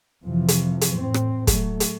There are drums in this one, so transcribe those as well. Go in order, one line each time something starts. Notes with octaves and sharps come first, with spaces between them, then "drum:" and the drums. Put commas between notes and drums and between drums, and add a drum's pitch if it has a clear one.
F2 C3 E3 F3
drum: hi-hat
drum: hi-hat
A2 C4
drum: rim click
F#3 A3, drum: kick, hi-hat
drum: hi-hat